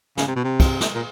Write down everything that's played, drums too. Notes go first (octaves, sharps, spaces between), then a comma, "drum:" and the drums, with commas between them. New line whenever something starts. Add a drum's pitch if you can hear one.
C#3, drum: snare
C3
B2
C3
drum: kick, cymbal
drum: snare
A#2